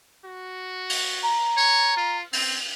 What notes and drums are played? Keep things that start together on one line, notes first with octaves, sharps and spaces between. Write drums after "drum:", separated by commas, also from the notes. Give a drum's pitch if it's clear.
F#4
drum: open hi-hat
A#5
C#5
F4
C4, drum: open hi-hat